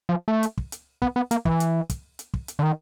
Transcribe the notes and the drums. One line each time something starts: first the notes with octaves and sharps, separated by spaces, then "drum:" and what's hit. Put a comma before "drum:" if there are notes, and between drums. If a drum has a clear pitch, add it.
F3
A3
drum: hi-hat
drum: kick
drum: hi-hat
B3, drum: kick
B3
A#3, drum: hi-hat
E3, drum: kick
drum: hi-hat
drum: kick, hi-hat
drum: hi-hat
drum: kick
drum: hi-hat
D3
D#3